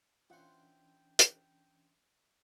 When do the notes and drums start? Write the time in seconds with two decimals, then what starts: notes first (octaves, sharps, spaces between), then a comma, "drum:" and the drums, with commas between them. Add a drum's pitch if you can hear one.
0.30 E3 C#4 D4 E4 F4 C5 F#5 G5
1.19 drum: hi-hat